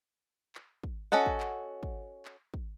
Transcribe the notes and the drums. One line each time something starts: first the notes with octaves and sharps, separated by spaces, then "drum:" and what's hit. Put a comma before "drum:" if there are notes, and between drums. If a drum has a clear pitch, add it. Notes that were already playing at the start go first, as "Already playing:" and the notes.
drum: clap
drum: kick
C#4 F#4 A4 D#5 F#5
drum: kick
drum: clap
drum: kick
drum: clap
drum: kick